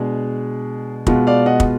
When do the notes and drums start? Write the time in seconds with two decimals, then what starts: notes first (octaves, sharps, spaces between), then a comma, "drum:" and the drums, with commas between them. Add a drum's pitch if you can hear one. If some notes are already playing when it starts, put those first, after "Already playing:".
Already playing: B2 G#3 D4 G#4
1.07 B2 G#3 B3 F4, drum: kick
1.27 D5 F5
1.46 D#5 F#5
1.60 drum: kick